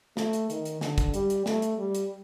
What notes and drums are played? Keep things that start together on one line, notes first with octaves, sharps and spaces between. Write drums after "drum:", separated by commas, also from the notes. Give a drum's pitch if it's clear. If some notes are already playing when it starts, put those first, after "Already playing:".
A3, drum: snare
drum: hi-hat
D#3, drum: hi-hat
drum: hi-hat
D3, drum: snare
drum: kick, hi-hat
G3, drum: hi-hat
drum: hi-hat
A3, drum: snare
drum: hi-hat
G3
drum: hi-hat